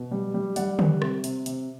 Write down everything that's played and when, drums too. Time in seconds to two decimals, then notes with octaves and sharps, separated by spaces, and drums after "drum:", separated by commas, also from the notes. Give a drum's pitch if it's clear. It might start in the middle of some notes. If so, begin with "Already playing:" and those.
Already playing: B2
0.11 G3
0.34 G3
0.56 G3 D5 F#5, drum: hi-hat
0.79 G3, drum: tom D3
1.02 C3, drum: rim click
1.24 C3, drum: hi-hat
1.46 C3, drum: hi-hat